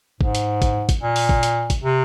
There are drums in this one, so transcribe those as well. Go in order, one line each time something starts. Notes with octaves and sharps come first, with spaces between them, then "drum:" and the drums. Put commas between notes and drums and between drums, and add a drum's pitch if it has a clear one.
G#2, drum: kick
drum: hi-hat
drum: kick, hi-hat
drum: kick, hi-hat
A#2
drum: open hi-hat
drum: kick
drum: hi-hat
drum: kick, hi-hat
C3